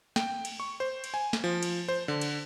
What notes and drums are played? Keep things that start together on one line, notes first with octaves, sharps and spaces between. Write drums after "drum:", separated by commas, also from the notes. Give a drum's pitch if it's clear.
G5, drum: snare
drum: cymbal
C#6
C5
drum: cymbal
G#5
drum: snare
F3
drum: cymbal
C5
D3
drum: cymbal